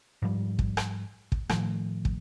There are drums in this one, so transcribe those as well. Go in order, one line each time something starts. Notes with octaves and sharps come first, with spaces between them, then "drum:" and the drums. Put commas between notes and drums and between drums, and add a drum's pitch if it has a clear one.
G#2 F3 G3
drum: kick
drum: rim click
drum: kick
A2 D#3 F3 A3, drum: rim click
drum: kick